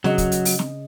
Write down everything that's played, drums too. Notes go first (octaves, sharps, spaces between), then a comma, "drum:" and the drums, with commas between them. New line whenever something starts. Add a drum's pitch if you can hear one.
C#3 F#3 D#5, drum: snare
drum: kick, hi-hat
drum: hi-hat
drum: open hi-hat
drum: snare